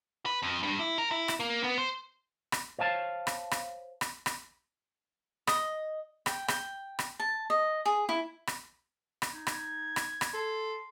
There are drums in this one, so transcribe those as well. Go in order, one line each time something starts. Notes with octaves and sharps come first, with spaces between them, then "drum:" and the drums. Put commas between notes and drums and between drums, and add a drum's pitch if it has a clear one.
B4
F2
G2
E4
A#4
E4
drum: rim click
A#3
B3
C5
drum: rim click
C5 C#5 F5 A5
drum: rim click
drum: rim click
drum: rim click
drum: rim click
D#5, drum: rim click
G5, drum: rim click
G5, drum: rim click
drum: rim click
A5
D#5
G#4
E4
drum: rim click
drum: rim click
D#4 G#6
drum: rim click
drum: rim click
drum: rim click
A4 C6